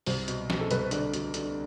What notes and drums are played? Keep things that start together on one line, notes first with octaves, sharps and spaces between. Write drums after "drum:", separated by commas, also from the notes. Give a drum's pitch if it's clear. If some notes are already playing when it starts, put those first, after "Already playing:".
C2 C5, drum: open hi-hat
B2, drum: hi-hat
B2, drum: snare
A4
C2 B4, drum: hi-hat
C5
D3 D5, drum: hi-hat
D2, drum: hi-hat
D3, drum: hi-hat